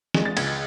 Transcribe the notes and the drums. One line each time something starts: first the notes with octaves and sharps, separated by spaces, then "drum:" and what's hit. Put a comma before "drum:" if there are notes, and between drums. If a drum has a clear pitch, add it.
G#3, drum: snare
A6
C#2 G#6, drum: cymbal
A6